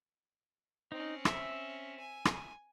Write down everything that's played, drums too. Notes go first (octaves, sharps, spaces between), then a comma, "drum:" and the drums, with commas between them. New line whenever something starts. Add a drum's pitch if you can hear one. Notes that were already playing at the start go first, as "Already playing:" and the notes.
C4 C#4 D#4
E5, drum: rim click
G#5
drum: rim click